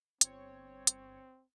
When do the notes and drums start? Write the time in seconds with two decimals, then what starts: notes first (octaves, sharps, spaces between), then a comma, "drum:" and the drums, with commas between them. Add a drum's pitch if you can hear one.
0.21 G1 C4 C#5, drum: hi-hat
0.87 drum: hi-hat